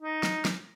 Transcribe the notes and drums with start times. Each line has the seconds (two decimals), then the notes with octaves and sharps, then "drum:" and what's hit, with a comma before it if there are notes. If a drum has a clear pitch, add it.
0.01 D#4
0.23 drum: snare
0.45 drum: snare